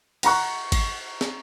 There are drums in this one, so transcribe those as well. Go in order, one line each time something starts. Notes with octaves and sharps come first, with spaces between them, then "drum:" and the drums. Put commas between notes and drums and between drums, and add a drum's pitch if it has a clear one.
F#5 A#5 C#6 F#6, drum: cymbal
drum: kick, cymbal
drum: snare